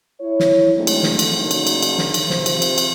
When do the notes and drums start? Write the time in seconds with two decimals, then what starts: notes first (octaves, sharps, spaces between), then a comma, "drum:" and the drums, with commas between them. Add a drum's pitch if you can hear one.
0.21 E4 C#5
0.40 drum: snare
0.76 F#3 G#3 A3 C4 D4 D#4
0.87 drum: cymbal
1.03 drum: snare
1.19 drum: cymbal
1.39 C#3 F#3 A#3 D4 D#4
1.51 drum: cymbal
1.67 drum: cymbal
1.82 drum: cymbal
1.98 drum: snare
2.14 drum: cymbal
2.30 C3 F3 C5, drum: snare
2.46 drum: cymbal
2.62 drum: cymbal
2.78 drum: cymbal